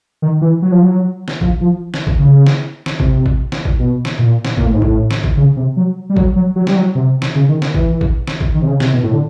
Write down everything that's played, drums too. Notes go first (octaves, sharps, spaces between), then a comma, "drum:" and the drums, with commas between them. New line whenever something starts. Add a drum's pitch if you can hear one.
D#3
E3
F#3
F3
F#3
drum: snare
F3, drum: kick
F3
drum: snare
drum: kick
C#3
drum: snare
drum: snare
C3, drum: kick
drum: kick
drum: snare
drum: kick
B2
drum: snare
A#2
drum: snare
A#2, drum: kick
A2
G#2
A2, drum: kick
drum: snare
drum: kick
C#3
C3
F#3
G3
F#3, drum: kick
F#3
F#3
G3, drum: snare
F#3
C3
drum: snare
C#3
D#3
D#3, drum: snare
E3, drum: kick
drum: kick
drum: snare
drum: kick
D#3
C3
C#3
C3, drum: snare
B2
A2
D3